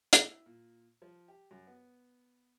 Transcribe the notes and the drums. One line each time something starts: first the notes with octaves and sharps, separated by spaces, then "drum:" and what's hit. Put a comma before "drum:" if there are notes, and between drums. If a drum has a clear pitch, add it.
E4, drum: hi-hat
A#2
F3
G4
F#2
B3